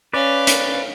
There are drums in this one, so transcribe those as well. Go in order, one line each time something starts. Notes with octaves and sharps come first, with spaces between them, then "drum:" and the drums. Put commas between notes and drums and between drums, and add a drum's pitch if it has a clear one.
C#4 B4 D5 F5
drum: hi-hat